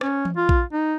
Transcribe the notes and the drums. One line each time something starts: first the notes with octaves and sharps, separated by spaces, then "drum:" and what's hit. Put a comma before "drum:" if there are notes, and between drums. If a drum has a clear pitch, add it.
C#4, drum: rim click
drum: tom E3
F4
drum: kick A#1
D#4